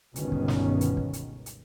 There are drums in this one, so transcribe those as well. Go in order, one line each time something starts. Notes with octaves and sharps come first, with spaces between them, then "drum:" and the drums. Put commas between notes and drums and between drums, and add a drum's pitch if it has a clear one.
G1 C#2 B2 D#3 B3 C#4, drum: hi-hat
drum: kick
drum: snare
drum: hi-hat
drum: kick
drum: hi-hat
drum: hi-hat